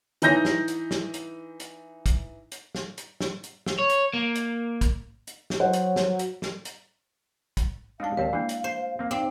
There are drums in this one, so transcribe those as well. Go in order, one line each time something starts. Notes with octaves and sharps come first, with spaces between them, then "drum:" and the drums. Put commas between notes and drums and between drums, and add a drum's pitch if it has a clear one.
E3 D#4 G6 A#6, drum: hi-hat
drum: snare
drum: hi-hat
drum: snare
drum: hi-hat
drum: hi-hat
drum: kick, hi-hat
drum: hi-hat
drum: snare
drum: hi-hat
drum: snare
drum: hi-hat
drum: snare
C#5
drum: hi-hat
A#3
drum: hi-hat
drum: kick, hi-hat
drum: hi-hat
drum: snare
F#3 C5 F#5
drum: hi-hat
drum: snare
drum: hi-hat
drum: snare
drum: hi-hat
drum: kick, hi-hat
G#3 D4 D#4 F5 A5
D#2 C4 D5 A5
E3 A#3 D4
drum: hi-hat
C5
A#3 C4
C4 D#4 D5 D6